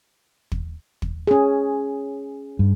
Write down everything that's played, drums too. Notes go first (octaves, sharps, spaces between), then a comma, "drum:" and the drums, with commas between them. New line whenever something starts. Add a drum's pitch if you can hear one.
drum: kick
drum: kick
C#4 G#4
G2